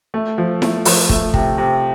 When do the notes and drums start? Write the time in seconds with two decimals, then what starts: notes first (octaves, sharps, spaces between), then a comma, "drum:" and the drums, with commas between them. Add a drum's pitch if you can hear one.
0.14 A3
0.38 F3
0.62 A3, drum: snare E4
0.85 F3, drum: open hi-hat
1.09 A3, drum: kick
1.34 C3, drum: kick
1.58 C3